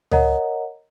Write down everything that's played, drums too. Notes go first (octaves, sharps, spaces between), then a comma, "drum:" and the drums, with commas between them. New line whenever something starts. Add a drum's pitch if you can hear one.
A#4 C#5 D#5 F#5 A#5, drum: tom C#2